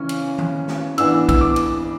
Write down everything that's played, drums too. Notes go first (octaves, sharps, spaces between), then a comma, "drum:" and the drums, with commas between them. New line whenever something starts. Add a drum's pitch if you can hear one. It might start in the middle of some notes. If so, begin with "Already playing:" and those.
Already playing: C#3 E3 C#4
drum: cymbal
drum: tom D#3
drum: snare
E3 B3 D4 E6, drum: cymbal
E6, drum: kick, cymbal
D6
drum: cymbal